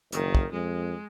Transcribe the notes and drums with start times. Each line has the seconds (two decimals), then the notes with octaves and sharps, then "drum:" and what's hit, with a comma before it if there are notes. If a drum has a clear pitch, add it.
0.12 F#1 D#3, drum: hi-hat
0.35 drum: kick
0.52 F2 G#3